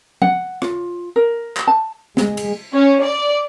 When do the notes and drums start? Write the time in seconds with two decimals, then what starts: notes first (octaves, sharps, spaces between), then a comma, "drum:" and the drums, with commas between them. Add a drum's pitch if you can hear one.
0.22 F#5, drum: tom F3
0.62 F4, drum: rim click
1.16 A#4
1.57 drum: clap
1.67 A5
2.17 G#3, drum: snare
2.37 drum: cymbal
2.73 C#4
3.03 D5